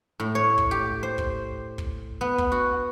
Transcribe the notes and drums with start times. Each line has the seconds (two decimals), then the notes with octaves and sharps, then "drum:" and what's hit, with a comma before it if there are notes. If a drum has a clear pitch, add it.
0.20 A2
0.35 C#5
0.58 drum: kick
0.71 G4
1.03 C5
1.18 drum: kick
1.78 drum: kick
2.21 B3
2.38 drum: kick
2.52 F#4